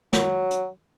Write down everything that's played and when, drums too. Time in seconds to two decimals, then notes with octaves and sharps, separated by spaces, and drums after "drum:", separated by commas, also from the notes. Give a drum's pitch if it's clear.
0.13 F#3, drum: snare
0.51 drum: hi-hat